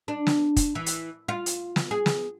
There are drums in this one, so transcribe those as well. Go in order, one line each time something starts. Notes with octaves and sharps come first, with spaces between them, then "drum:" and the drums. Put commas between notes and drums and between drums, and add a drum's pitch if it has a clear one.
D4
drum: snare
drum: kick, hi-hat
E3
drum: hi-hat
F4
drum: hi-hat
drum: snare
G#4
drum: snare